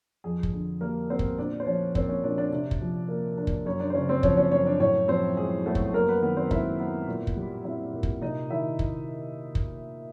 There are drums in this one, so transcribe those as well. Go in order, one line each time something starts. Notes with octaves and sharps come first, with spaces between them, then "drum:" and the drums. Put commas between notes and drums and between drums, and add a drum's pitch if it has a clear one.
F2 G#4
drum: kick
D3
G3 A#3 A#4
B3 C4 C5
drum: kick
A#2 D4 D5
C5
F3 C#4 C#5
A#3 C4 C5, drum: kick
C#4 C#5
A#2 D4 D5
D4 D5
C3 D4 D5
drum: kick
F3
A#3
D4
drum: kick
F#2 C#4 C#5
D4 D5
C5
C#3 C#4 C#5
C4 C5
F3 C#4 C#5, drum: kick
C#4 C#5
F#2 C#4 C#5
D4 D5
A2 C#4 C#5
F3 C4 C5
G#3 G#4
A3 B3 A4
drum: kick
F#2 A#3 A#4
B3 B4
D#3 B3 B4
C4 C5
G#3 E4 E5, drum: kick
B3
A#2
drum: kick
G3
C4 E4 E5
A#2
drum: kick
C3 D#4 D#5
D#3 E4 E5
drum: kick
drum: kick